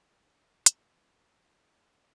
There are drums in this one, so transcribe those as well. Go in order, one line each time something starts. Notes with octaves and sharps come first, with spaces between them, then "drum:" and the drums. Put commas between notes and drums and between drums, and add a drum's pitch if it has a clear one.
D#3 F3
B2 D#3 A3, drum: hi-hat
F#3 C#4 C5 C#5
G2 D3 G3